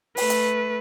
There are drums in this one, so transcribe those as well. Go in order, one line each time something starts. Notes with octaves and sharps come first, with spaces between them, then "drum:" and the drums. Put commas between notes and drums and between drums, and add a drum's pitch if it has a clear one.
A3 B4, drum: open hi-hat
drum: hi-hat